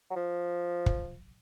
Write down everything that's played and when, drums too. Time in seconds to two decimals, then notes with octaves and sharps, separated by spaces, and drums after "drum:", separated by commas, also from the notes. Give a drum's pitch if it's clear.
0.11 F#3
0.16 F3
0.86 drum: kick